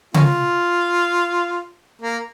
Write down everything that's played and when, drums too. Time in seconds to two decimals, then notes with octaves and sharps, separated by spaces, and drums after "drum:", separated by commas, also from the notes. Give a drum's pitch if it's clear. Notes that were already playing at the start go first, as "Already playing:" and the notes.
0.14 A#3 C#4 F4, drum: tom C#3
2.01 A#3